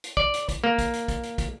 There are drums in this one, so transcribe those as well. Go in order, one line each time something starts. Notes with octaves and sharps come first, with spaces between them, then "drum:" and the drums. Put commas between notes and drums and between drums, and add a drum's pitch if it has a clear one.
drum: hi-hat
D5, drum: kick
drum: hi-hat
drum: kick, hi-hat
A#3
drum: kick, hi-hat
drum: hi-hat
drum: kick, hi-hat
drum: hi-hat
drum: kick, hi-hat